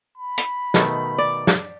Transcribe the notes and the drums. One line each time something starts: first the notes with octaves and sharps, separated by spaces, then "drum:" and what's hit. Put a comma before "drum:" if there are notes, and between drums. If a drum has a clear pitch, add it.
B5
drum: hi-hat
B2 D#3 A3, drum: snare
D5
drum: snare